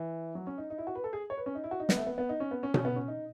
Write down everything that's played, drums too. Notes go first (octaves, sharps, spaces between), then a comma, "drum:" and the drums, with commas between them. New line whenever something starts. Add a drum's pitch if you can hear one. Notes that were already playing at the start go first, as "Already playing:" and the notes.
Already playing: E3
F#3
C#4
D#4
D#4
E4
F#4
B4
A4
G#4
C#5
B4
C#4
D#4
E4
F#4
D#4
B3, drum: snare
A3
B3
B3
D#4
C#4
B3
C#4
C#4, drum: tom B2
B3
C#4
D#4